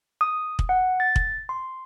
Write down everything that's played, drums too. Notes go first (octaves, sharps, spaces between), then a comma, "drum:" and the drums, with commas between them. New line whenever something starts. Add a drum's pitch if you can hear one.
D#6
drum: kick
F#5
A6
drum: kick
C6